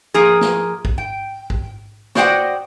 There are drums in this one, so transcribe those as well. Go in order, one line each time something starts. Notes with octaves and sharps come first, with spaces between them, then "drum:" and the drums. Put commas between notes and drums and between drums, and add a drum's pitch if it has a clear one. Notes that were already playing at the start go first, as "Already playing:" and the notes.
F3 A#3 G#4
drum: snare
drum: kick
G5
drum: kick
F#4 C5 D5 D#5 F#5 G5, drum: snare